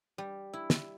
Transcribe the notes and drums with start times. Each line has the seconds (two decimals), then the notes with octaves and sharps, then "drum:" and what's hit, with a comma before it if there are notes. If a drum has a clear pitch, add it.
0.18 G3
0.53 E4
0.70 drum: snare